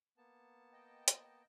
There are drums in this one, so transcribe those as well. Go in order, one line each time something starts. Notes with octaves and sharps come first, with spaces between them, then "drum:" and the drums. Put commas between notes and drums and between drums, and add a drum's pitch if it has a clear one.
A#3 B3 A5
D#5 G5
drum: hi-hat